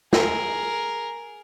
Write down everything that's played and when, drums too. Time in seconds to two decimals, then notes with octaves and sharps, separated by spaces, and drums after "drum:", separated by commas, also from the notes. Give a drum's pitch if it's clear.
0.13 G#4 A#4, drum: snare